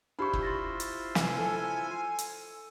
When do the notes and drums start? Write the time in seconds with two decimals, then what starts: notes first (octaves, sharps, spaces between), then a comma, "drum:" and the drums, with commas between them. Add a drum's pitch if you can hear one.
0.19 D4 E4 F4 G4 C5 B5 C#6 G6
0.33 drum: kick
0.43 C6 A6 A#6
0.80 drum: hi-hat
1.15 F1 G#5, drum: snare
1.38 A4
2.19 drum: hi-hat